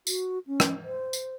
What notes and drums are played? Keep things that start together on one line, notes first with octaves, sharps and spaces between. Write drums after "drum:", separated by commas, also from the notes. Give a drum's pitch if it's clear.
F#4, drum: tambourine
C#4
drum: rim click
C5
drum: tambourine